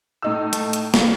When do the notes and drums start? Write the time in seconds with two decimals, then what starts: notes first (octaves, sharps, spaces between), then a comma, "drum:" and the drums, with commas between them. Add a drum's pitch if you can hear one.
0.22 A2 D#4 E6
0.53 A3, drum: hi-hat
0.73 drum: hi-hat
0.94 drum: snare